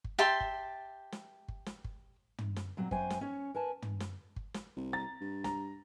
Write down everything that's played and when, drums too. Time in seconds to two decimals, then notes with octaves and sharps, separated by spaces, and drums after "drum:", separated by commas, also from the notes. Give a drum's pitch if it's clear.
0.04 drum: kick G1
0.19 G4 E5 A5 C6
0.40 drum: kick G1
1.12 drum: snare
1.48 drum: kick G1
1.66 drum: snare
1.84 drum: kick G1
2.38 drum: tom
2.56 drum: snare
2.77 A#2 F#3 A#3 C4
2.91 F#2 C5 G5 G#5, drum: kick G1
3.10 drum: snare
3.21 C#4 C#5
3.54 A#4 B4 G#5 A5
3.82 drum: tom
4.00 drum: snare
4.36 drum: kick G1
4.54 drum: snare
4.77 C2
4.93 A#5 A6
5.21 G2
5.44 A#5, drum: snare